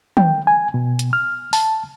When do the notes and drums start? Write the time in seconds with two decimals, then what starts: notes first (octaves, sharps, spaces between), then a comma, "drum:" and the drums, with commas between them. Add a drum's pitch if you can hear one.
0.17 G5, drum: tom
0.47 G#5
0.74 B2
0.99 drum: hi-hat
1.13 F6
1.53 A5, drum: open hi-hat